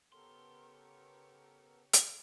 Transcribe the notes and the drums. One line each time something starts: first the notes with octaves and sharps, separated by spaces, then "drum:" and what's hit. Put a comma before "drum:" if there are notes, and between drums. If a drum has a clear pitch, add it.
C#3 B3 G4 A4 A#4 C#5 C6
drum: hi-hat